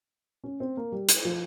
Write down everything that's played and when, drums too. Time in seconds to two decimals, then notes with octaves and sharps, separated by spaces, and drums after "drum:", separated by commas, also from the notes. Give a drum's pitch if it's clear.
0.44 C#4
0.60 C4
0.77 A#3
0.92 G3
1.09 drum: hi-hat
1.25 F3